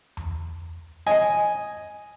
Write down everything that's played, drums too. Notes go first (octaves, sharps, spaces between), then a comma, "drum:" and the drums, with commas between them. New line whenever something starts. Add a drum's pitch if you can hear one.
drum: tom E2
D#5 G#5